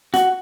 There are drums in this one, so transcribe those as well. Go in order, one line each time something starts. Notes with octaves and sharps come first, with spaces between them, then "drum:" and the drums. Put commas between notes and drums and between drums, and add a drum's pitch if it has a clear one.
F#4, drum: snare